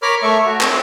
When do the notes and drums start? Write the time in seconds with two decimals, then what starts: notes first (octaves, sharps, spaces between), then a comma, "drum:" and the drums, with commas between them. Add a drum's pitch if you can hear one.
0.02 A#4 C#5 B5 D6 F6
0.23 A3 E5 C#6
0.46 F#4
0.61 C4, drum: clap